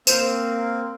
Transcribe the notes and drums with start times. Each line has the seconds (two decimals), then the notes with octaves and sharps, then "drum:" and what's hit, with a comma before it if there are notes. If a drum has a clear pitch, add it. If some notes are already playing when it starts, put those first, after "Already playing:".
0.07 A#3 C4 C5, drum: tambourine